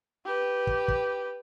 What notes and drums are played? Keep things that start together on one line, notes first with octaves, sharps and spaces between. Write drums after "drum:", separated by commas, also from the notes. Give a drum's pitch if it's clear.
G4 B4
drum: kick
drum: kick